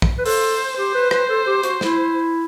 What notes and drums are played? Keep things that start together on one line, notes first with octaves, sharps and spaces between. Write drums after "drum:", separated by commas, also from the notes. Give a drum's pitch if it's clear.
drum: kick
B4
A4 C5, drum: open hi-hat
G4 C5
B4
B4, drum: rim click
A4
G4
F#4, drum: hi-hat
E4, drum: snare